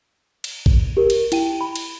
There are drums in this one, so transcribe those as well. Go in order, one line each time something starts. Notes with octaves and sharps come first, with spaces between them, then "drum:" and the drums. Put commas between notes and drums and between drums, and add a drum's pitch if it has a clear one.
drum: cymbal
drum: kick A#1
G4 A#4
drum: cymbal
E4 G5 D#7, drum: cymbal
B5
drum: cymbal